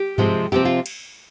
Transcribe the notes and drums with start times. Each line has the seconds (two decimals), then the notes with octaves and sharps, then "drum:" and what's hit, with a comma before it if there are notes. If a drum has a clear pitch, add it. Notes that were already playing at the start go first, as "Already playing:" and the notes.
Already playing: G4
0.18 C3 F3 G#3 C4, drum: tom G2
0.52 C3 F3 C4 G4
0.65 F4
0.86 drum: cymbal